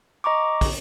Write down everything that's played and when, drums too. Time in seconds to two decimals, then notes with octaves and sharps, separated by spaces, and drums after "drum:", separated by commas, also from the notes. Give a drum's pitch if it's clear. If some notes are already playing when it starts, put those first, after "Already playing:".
0.24 D#5 A#5 C#6 D6
0.61 drum: kick, open hi-hat